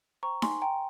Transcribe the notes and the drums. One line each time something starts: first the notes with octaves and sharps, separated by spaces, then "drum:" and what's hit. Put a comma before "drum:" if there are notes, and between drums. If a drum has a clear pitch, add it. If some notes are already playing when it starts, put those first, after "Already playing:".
C5 G5 A#5 C#6
G#5 C6, drum: snare D#4
G5 A#5